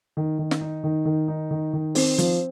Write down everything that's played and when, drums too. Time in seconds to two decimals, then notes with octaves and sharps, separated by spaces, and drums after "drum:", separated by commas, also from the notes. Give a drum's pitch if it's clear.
0.17 D#3
0.39 D#3
0.51 drum: snare
0.61 D#4
0.84 D#3
1.05 D#3
1.28 D#4
1.51 D#3
1.73 D#3
1.95 C4, drum: open hi-hat
2.18 F3, drum: hi-hat